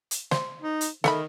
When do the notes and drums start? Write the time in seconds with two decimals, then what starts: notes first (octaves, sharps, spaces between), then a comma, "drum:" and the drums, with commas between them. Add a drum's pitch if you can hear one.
0.11 drum: hi-hat
0.31 C5, drum: snare
0.62 D#4
0.81 drum: hi-hat
1.04 D#3 A4 E5 B5, drum: snare